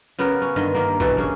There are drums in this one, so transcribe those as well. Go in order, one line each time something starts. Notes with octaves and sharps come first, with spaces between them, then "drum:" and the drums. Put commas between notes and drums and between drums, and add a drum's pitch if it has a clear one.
C#3 B3 G4 A#4, drum: hi-hat
C#4
G2 D3 D#3 D#5
D#3 A#3
B2 E3 A4, drum: kick
A#3 C#4 G#4